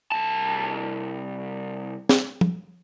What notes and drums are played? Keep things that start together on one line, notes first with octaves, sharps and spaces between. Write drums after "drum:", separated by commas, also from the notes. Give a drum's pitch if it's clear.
C2 A5
drum: snare
drum: tom